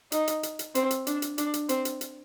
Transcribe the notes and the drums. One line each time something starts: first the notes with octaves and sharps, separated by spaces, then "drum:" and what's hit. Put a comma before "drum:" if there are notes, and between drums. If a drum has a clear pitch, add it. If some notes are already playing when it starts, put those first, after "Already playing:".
D#4, drum: hi-hat
drum: hi-hat
drum: hi-hat
drum: hi-hat
C4, drum: hi-hat
drum: hi-hat
D4, drum: hi-hat
drum: hi-hat
D4, drum: hi-hat
drum: hi-hat
C4, drum: hi-hat
drum: hi-hat
drum: hi-hat